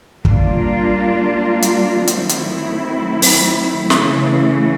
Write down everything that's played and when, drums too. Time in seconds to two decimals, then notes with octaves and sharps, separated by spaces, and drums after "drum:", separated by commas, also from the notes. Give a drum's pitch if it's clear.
0.25 G3 A#3 D4 F4, drum: kick
1.62 drum: hi-hat
2.07 D#3 F#3 A3 C4 E4, drum: hi-hat
2.29 drum: hi-hat
3.22 drum: open hi-hat
3.90 C#3 E3 A3, drum: snare